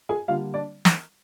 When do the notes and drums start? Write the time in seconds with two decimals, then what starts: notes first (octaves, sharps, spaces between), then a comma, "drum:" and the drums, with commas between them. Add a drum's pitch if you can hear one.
0.09 G#4 G#5
0.28 D3 G3 A#3 F4 F5
0.54 D4 D5
0.85 drum: snare